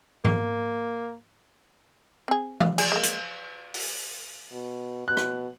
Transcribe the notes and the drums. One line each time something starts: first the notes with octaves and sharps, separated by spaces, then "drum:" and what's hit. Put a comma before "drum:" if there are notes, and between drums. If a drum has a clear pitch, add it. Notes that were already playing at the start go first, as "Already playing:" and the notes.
A#3, drum: tom G#2
C4 G#4
F5, drum: tom E3
G#4, drum: cymbal
G#3 A#3
drum: hi-hat
drum: open hi-hat
B2
B2 F#6
drum: rim click